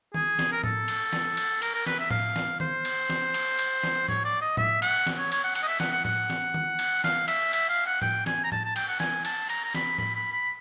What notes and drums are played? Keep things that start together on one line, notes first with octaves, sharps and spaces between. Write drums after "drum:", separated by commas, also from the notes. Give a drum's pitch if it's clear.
G#4, drum: tom
drum: snare
A#4
A4, drum: tom A2
drum: cymbal
drum: snare
drum: cymbal
A#4, drum: cymbal
A#4
B4, drum: snare
E5
F5, drum: tom A2
drum: snare
C5, drum: tom
drum: cymbal
drum: snare
drum: cymbal
drum: cymbal
drum: snare
C#5, drum: tom A2
D5
D#5
E5, drum: tom A2
F#5, drum: cymbal
drum: snare
C#5
C#5, drum: cymbal
F#5
F#5, drum: cymbal
D#5
E5
F#5, drum: snare
F#5
F#5, drum: tom A2
drum: snare
drum: tom
drum: cymbal
F5, drum: snare
E5, drum: cymbal
E5, drum: cymbal
F5
F#5
G5, drum: tom A2
G#5, drum: snare
A#5
A5, drum: tom A2
A5
G5, drum: cymbal
F#5
G#5, drum: snare
A5, drum: cymbal
A#5, drum: cymbal
A#5
B5, drum: snare
B5, drum: tom A2
B5
B5